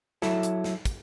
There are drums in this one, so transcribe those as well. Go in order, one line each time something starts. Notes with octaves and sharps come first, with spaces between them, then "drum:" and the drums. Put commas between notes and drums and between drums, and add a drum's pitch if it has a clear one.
F#3 E4 A4, drum: snare
drum: hi-hat
drum: snare
drum: kick, hi-hat